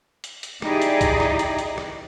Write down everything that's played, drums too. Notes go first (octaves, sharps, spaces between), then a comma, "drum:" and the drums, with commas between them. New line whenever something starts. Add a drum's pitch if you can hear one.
drum: hi-hat
drum: hi-hat
D#4 E4 G4 G#4 D5 D#5, drum: rim click
drum: hi-hat
drum: kick, hi-hat
drum: rim click
drum: hi-hat
drum: hi-hat
drum: rim click